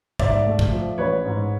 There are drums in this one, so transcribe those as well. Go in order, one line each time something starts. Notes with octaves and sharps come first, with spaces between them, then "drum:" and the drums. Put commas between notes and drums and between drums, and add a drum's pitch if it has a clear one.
G#2 D5 E5, drum: kick
A3
drum: kick
F3
A1 B4 C#5
G#2